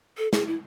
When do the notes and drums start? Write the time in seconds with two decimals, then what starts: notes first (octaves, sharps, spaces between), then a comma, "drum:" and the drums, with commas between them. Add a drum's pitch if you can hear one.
0.18 A4
0.33 G#4, drum: snare
0.47 E4